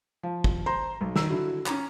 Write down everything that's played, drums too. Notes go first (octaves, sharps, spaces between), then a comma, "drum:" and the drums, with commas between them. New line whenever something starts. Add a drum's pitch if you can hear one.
F3
drum: kick
C5 A#5 C6
B1
D#3 A#5 E6, drum: snare
D3 E4 F#4
C#4 A#5, drum: clap